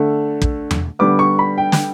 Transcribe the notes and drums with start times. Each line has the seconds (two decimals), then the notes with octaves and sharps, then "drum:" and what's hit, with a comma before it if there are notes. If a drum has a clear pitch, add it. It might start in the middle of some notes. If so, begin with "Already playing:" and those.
Already playing: D3 A3
0.42 drum: kick
0.71 drum: tom E2
0.99 D3 G3 B3 D6
1.19 C#6
1.39 B5
1.58 G5
1.72 drum: snare